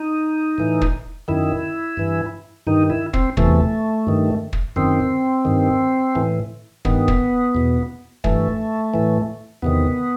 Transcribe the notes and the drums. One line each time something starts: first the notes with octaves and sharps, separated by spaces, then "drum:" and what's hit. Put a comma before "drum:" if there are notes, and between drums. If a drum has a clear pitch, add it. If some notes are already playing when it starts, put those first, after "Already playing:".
Already playing: D#4
A2 E3
drum: kick
F#2 D#3 E4
G2 E3
G2 D#3 D#4
E4
C4, drum: kick
E2 C3 E3 A3, drum: kick
G2 D#3
drum: kick
F#2 D#3 C4
G2 D#3
A2 E3
G2 D#3 B3, drum: kick
drum: kick
E2 B2
G2 E3 A3, drum: kick
A2 E3
E2 C3 D#3 B3